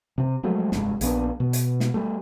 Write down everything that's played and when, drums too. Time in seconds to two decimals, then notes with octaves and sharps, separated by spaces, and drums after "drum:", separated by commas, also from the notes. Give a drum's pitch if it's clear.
0.18 C3 C4
0.43 F3 F#3 G#3 A3
0.72 F1 G2 A#2 G#3, drum: snare
1.01 A#1 A#3 B3 D4, drum: hi-hat
1.40 B2
1.53 drum: hi-hat
1.80 drum: snare
1.94 G3 A3